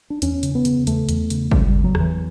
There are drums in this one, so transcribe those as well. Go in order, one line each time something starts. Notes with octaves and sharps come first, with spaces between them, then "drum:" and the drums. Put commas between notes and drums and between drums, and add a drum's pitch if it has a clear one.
D4
E2 C#4, drum: hi-hat
C#3, drum: hi-hat
B3
C#3, drum: hi-hat
E2 A3, drum: hi-hat
E2, drum: hi-hat
C#3, drum: hi-hat
C#3 G3, drum: kick
E2 G3
F#3
E2, drum: rim click
E3